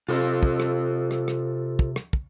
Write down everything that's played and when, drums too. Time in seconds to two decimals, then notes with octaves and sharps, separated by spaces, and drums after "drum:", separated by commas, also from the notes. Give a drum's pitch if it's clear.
0.09 C3 F4 A4 C5
0.43 drum: kick
0.60 drum: rim click
1.11 drum: rim click
1.28 drum: rim click
1.79 drum: kick
1.96 drum: rim click
2.13 drum: kick